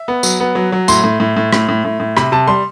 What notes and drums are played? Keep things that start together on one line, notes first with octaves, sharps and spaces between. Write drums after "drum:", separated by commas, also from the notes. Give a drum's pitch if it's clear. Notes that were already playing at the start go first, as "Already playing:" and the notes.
Already playing: E5
B3
F#3, drum: tambourine
B3
F#3
F#3
A2 C6, drum: tambourine
A2
A2
A2
A2, drum: rim click
A2
A2
A2
C3 B5, drum: rim click
C3 A5
G3 C6